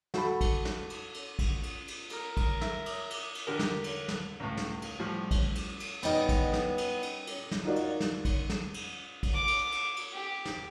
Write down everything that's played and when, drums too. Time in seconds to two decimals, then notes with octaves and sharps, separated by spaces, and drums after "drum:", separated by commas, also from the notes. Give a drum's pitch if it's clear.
0.14 F#4 A4 B5, drum: snare
0.41 drum: kick A1, cymbal
0.65 drum: snare
0.90 drum: cymbal
1.14 drum: cymbal
1.39 drum: kick A1, cymbal
1.63 drum: cymbal
1.88 drum: cymbal
2.10 A#4, drum: cymbal
2.37 drum: kick A1, cymbal
2.61 E5, drum: snare
2.86 drum: cymbal
3.10 drum: cymbal
3.35 drum: cymbal
3.47 D3 G4 A#4
3.59 drum: snare
3.84 drum: cymbal
4.08 drum: snare
4.40 C#2 A2
4.57 drum: snare
4.82 drum: cymbal
4.99 A2 F3 G3
5.31 drum: kick A1, cymbal
5.55 drum: cymbal
5.80 drum: cymbal
6.03 G3 B3 C#4 D#4 D5 D#5, drum: cymbal
6.29 drum: kick A1, cymbal
6.53 drum: snare
6.78 drum: cymbal
7.02 drum: cymbal
7.27 drum: cymbal
7.51 drum: snare
7.65 D#4 F4 F#4 A#4 D5
7.76 drum: cymbal
8.00 drum: snare
8.25 drum: kick A1, cymbal
8.49 drum: snare
8.74 drum: cymbal
9.23 drum: kick A1, cymbal
9.34 D6
9.47 drum: cymbal
9.72 drum: cymbal
9.96 drum: cymbal
10.13 G4
10.46 drum: snare